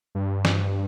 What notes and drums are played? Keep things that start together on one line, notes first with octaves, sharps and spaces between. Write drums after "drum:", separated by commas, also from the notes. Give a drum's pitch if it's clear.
G2
drum: snare